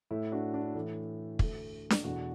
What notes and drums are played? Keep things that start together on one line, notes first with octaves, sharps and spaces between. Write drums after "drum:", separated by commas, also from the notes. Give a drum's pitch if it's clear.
A2 A3 E4
D4 F#4
D4
A2 E3 A3
D2 D3 A3, drum: kick
drum: snare D4
E2 B2 A3 D4 F#4